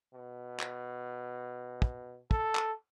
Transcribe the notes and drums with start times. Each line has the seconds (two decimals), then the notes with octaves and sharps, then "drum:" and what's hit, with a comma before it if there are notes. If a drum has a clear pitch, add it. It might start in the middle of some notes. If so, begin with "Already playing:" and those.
0.14 B2
0.60 drum: clap
1.82 drum: kick
2.31 A4, drum: kick
2.55 drum: clap